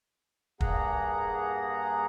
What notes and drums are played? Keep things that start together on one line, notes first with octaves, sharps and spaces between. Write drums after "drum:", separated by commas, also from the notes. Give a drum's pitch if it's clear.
G2 A#3 G#4 F#5 A#5, drum: kick